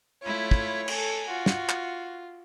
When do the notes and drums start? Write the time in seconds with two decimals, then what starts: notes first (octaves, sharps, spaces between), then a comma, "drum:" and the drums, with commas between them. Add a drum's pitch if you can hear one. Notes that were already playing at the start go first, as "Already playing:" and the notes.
0.23 A3 E4 F4 C#5
0.51 drum: kick
0.88 A4 G#5, drum: cymbal
1.28 F4 F#4
1.46 drum: snare
1.69 drum: clap